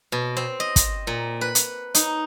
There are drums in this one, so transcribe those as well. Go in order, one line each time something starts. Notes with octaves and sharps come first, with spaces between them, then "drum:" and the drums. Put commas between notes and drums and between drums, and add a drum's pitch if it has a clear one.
B2
C4
D#5
drum: kick, hi-hat
A#2
B4
drum: hi-hat
D#4, drum: hi-hat